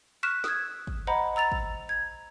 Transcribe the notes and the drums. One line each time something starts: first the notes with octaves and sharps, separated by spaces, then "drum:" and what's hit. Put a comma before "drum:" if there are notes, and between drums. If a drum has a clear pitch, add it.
C#6 F6 F#6 B6 E7
D#6 E6 G#6, drum: snare
drum: kick
C5 D#5 F#5 A#5 B5
A#5 E6 A6 F7
drum: kick
G#6